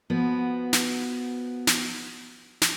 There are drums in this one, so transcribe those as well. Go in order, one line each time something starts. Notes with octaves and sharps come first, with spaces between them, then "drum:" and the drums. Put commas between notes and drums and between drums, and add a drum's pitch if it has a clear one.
F3 B3 F#4
drum: snare
drum: snare
drum: snare